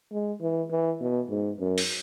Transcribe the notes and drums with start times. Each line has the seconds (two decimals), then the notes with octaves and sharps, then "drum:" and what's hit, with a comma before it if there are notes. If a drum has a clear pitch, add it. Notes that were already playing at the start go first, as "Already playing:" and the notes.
0.12 G#3
0.42 E3
0.71 E3
1.00 B2
1.30 G#2
1.60 F#2
1.78 drum: open hi-hat